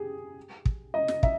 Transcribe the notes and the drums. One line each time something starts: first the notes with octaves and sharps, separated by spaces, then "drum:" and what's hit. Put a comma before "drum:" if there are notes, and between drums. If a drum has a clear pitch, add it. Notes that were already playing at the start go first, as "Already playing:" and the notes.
Already playing: G4 G#4
drum: kick
D#5
drum: snare
E5, drum: kick